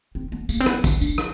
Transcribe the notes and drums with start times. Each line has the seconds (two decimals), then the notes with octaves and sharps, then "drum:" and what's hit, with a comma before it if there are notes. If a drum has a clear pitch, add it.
0.15 C4
0.32 B3
0.49 A#3, drum: tambourine
0.60 C4
0.66 B3, drum: rim click
0.84 C#4, drum: kick, tambourine
1.01 D4, drum: tambourine
1.18 drum: rim click